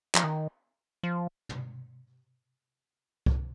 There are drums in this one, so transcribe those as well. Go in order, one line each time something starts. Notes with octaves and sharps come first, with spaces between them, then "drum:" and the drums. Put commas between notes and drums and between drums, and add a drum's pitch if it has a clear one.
F3, drum: clap
D#3
F3
drum: tom
drum: kick C2